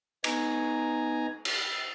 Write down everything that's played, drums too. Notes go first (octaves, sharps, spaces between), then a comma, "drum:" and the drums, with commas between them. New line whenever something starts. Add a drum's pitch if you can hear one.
B3 D#4 G#5 A#5, drum: cymbal
drum: cymbal